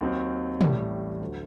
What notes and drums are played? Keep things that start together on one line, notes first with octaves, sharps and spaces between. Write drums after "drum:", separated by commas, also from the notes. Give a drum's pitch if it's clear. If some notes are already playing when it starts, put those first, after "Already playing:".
D#2 D#3 F#3 C4 D#4
A1 A2 G3, drum: tom
D2 D3 F#3